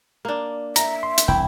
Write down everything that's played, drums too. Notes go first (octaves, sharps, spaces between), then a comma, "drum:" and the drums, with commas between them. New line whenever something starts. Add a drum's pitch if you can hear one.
A#3 D4
E5 A#5, drum: hi-hat
C6
drum: hi-hat
E1 C2 E4 G5